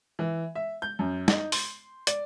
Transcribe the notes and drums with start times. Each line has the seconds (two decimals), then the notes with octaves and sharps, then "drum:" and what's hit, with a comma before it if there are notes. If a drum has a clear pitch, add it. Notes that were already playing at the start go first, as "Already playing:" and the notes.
0.19 E3
0.55 E5
0.82 G6
0.99 F#2
1.28 D#4, drum: snare
1.52 C6, drum: open hi-hat
2.07 D5, drum: hi-hat